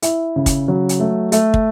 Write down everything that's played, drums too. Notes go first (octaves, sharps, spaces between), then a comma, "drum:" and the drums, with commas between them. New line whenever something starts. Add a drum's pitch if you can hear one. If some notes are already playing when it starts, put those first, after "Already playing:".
E4, drum: hi-hat
C#3
drum: kick, hi-hat
F#3
drum: hi-hat
A3
A3, drum: hi-hat
drum: kick